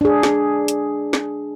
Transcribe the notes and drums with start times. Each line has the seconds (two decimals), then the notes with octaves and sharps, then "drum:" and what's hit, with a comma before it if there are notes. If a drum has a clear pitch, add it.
0.01 D4 G#4
0.23 drum: snare
0.68 drum: hi-hat
1.13 drum: snare